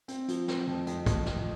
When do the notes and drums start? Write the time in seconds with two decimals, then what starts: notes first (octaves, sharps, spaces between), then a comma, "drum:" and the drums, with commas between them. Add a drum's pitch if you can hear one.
0.08 C4, drum: hi-hat
0.28 F3, drum: hi-hat
0.48 C4, drum: snare
0.67 F2
0.87 F2, drum: hi-hat
1.06 F2, drum: kick, hi-hat
1.26 F2, drum: snare